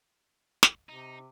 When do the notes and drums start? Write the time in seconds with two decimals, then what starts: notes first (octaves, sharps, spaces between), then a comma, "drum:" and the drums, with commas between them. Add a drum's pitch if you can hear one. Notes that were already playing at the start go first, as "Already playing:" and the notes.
0.63 drum: snare
0.89 C3 D#4